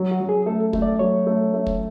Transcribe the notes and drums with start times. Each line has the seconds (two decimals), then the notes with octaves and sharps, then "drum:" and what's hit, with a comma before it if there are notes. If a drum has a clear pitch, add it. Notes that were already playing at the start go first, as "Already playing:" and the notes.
Already playing: F#3
0.11 F#4
0.20 F#3
0.29 G#4
0.46 A3 A4
0.73 A3, drum: kick
0.82 D5
0.99 F#3 C#5
1.27 A3
1.54 A3
1.67 drum: kick